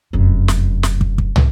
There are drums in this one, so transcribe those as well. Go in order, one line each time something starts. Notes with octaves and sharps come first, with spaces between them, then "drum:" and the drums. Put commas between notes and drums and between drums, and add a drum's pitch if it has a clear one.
F1 F#2
drum: snare
drum: snare
drum: kick
drum: kick
drum: tom